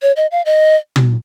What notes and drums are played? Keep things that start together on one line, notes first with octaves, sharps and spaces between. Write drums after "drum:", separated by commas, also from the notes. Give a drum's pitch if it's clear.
C#5
D#5
F5
D#5
drum: tom